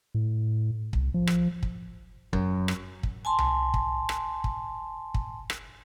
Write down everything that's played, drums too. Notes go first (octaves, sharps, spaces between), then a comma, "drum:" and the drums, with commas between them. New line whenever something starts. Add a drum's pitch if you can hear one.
A2
C2, drum: kick
F3
drum: rim click
drum: kick
F#2, drum: kick
drum: rim click
drum: kick
G#5 A5 C6
drum: tom C2
drum: kick
drum: rim click
drum: kick
drum: kick
drum: rim click